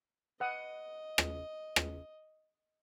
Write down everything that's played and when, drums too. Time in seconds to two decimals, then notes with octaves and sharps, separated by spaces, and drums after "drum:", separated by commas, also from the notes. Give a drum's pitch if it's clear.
0.40 B4 D#5 F#5 D#6
1.18 drum: rim click
1.76 drum: rim click